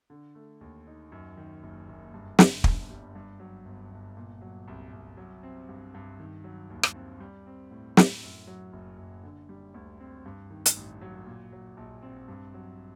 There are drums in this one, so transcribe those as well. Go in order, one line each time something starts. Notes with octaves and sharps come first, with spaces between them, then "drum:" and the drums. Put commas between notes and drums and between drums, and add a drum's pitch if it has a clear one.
D3
A3
D#2
D#4
F#2
D#3
F#1
F#1
G2
D3, drum: snare
G1, drum: kick
G3
G2
F#3
G1
G1
A#2
F#3
C2
C2
F#3
C4
G2
G2
D#3
F#3
D#2
drum: rim click
C4
G3
C4
A2
A2, drum: snare
F#2
F#3
F#1
F#1
D3
G3
D2
C4
G2
D#3
drum: hi-hat
A1
F#3
A#2
F#3
A#1
C4
G2
F#3